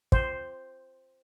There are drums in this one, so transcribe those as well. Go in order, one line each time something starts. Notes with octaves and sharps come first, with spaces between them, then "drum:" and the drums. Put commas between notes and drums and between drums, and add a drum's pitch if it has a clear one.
C5, drum: kick